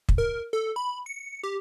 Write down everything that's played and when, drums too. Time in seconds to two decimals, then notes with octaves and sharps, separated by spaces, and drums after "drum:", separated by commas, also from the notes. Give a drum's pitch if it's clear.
0.09 drum: kick
0.18 A#4
0.53 A4
0.76 B5
1.06 C#7
1.43 G4